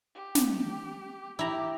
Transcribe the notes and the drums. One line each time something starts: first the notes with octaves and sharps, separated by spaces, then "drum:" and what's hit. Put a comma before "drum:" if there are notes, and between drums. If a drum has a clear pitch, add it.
G4
drum: snare
E4 G4 A#5